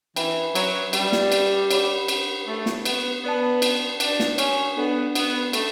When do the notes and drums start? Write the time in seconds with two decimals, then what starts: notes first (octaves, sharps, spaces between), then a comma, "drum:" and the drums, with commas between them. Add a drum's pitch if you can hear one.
0.16 E3 B4 E5 G5 B5, drum: cymbal
0.55 F#3, drum: cymbal
0.93 G3, drum: cymbal
1.12 drum: snare
1.32 drum: cymbal
1.71 G4 C#5 F#5 B5 D6, drum: cymbal
2.08 drum: cymbal
2.47 A3
2.66 drum: snare
2.85 B3, drum: cymbal
3.24 B3 B4 D5 A5
3.62 drum: cymbal
4.00 D4, drum: cymbal
4.20 drum: snare
4.38 C#4, drum: cymbal
4.77 B3 D4 A4 D5 F#5
5.15 B3, drum: cymbal
5.53 A3, drum: cymbal